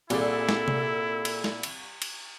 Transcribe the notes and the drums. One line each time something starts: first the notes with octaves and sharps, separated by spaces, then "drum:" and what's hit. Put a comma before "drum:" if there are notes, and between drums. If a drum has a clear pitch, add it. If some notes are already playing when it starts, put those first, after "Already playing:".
C2 A#2 E4 G#4 A4 D5, drum: cymbal
drum: snare
drum: tom C3
drum: cymbal
drum: snare
drum: cymbal
drum: cymbal